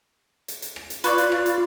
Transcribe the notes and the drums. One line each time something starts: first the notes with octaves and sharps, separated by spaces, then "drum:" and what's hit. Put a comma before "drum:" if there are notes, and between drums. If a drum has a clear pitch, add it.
drum: hi-hat
drum: hi-hat
drum: rim click
drum: hi-hat
F4 B4 C#5 D5, drum: hi-hat
drum: hi-hat
drum: rim click
drum: hi-hat